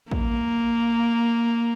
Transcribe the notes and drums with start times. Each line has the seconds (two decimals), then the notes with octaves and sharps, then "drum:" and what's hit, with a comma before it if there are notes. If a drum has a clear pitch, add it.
0.11 A#3, drum: kick A1